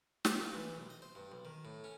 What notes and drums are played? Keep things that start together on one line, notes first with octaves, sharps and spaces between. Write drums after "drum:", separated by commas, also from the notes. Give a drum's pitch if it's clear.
A#5, drum: snare
A#3
E3
B1
D#5
C5
G2
B1
D#3
A2
C#4